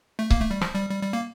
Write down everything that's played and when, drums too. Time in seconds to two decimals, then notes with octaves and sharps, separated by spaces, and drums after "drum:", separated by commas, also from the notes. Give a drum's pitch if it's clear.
0.19 A3
0.30 A#3, drum: kick C#1
0.41 A3
0.51 G3
0.61 F3, drum: rim click
0.75 G3
0.90 G3
1.03 G3
1.13 A#3